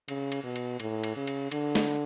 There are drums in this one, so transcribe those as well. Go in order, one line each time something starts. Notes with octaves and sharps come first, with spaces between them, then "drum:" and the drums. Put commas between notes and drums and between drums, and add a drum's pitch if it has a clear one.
C#3, drum: cymbal
drum: cymbal
B2
drum: cymbal
A2, drum: cymbal
drum: cymbal
C#3
drum: cymbal
D3, drum: cymbal
drum: snare